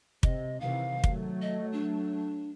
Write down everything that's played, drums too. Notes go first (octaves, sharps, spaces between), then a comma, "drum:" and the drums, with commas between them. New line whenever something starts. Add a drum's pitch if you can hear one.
C3 D#5, drum: kick
C3 D#3 E3 F5
F#3 A3, drum: kick
D#5
D4